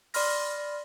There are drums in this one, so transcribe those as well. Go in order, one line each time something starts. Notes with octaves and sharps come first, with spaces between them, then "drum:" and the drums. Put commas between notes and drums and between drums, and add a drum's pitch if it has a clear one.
D5 B5 C6 F6 A#6, drum: open hi-hat